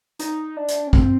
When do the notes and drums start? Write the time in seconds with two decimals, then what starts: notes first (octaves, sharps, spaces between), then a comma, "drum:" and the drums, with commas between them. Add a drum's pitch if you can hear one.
0.19 D#4, drum: hi-hat
0.57 D4
0.68 drum: hi-hat
0.87 C#4
0.93 C4, drum: kick